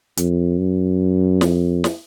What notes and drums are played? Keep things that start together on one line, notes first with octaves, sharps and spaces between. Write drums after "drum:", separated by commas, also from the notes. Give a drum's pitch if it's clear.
F2, drum: hi-hat
F#2
F2, drum: snare
drum: snare